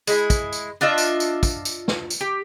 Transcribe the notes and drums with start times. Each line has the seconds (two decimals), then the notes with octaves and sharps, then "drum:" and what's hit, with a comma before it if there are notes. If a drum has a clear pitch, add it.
0.07 G#3 E4, drum: tambourine
0.30 drum: kick, tambourine
0.53 drum: tambourine
0.81 D4 F4 D#5 E5
0.98 drum: tambourine
1.20 drum: tambourine
1.43 drum: kick, tambourine
1.65 drum: tambourine
1.88 drum: snare
2.10 drum: tambourine
2.21 G4